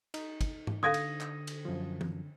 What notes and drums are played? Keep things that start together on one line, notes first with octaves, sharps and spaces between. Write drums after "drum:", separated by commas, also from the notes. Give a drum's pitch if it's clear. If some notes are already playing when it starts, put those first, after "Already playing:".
D#4, drum: cymbal
drum: kick, cymbal
drum: tom G#2
D3 A4 F5 C6 D#6 G#6 A#6
drum: cymbal
drum: clap
drum: cymbal
F#2 F3
drum: tom E3